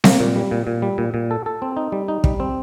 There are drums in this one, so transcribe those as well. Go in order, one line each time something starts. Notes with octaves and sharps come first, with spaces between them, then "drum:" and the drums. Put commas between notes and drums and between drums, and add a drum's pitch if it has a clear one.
A#3, drum: snare C4
A#2
G3
A#2
A#2
G3
A#2
A#2
A4
A4
C4
D#4
G3
D#4
G3, drum: kick
C4